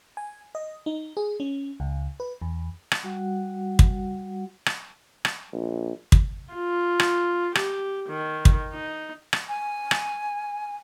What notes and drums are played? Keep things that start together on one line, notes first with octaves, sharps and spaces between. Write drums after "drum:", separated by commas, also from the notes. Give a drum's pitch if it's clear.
G#5
D#5
D#4
G#4
C#4
C#2
B4
E2
drum: rim click
G3 F#4 F#5
drum: kick
drum: rim click
drum: rim click
A#1
drum: kick
F4
drum: rim click
G4, drum: rim click
D#3
drum: kick
D#4
drum: rim click
G#5
drum: rim click